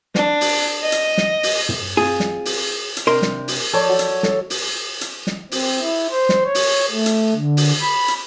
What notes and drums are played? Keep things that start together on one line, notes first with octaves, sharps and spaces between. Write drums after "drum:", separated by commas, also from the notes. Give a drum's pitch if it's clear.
D4, drum: snare
drum: open hi-hat
D#5
drum: hi-hat
drum: snare
drum: open hi-hat
drum: tom
C4 F4 G#4
drum: snare
drum: open hi-hat
drum: hi-hat
C3 D4 A#4 C6
drum: snare
drum: open hi-hat
F3 A4 C#5 D5
F#3
drum: hi-hat
A4, drum: snare
drum: open hi-hat
drum: hi-hat
drum: snare
C4, drum: open hi-hat
E4
C5
drum: snare
C#5
drum: open hi-hat
A3
drum: hi-hat
D3
drum: open hi-hat
B5
drum: hi-hat